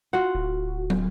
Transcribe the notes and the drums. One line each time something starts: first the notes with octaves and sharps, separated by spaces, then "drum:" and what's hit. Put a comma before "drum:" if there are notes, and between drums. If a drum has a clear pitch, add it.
F4 F#4 F#5
D1
drum: tom